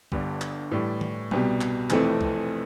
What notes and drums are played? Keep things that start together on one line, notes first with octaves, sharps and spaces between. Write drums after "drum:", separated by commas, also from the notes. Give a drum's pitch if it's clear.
G1 G2 D3 G3, drum: kick B1
drum: clap
A2 E3 G3
drum: tom D#3
C2 B2 G3, drum: tom
drum: clap
F1 F2 E3 A3 C4, drum: clap
drum: kick B1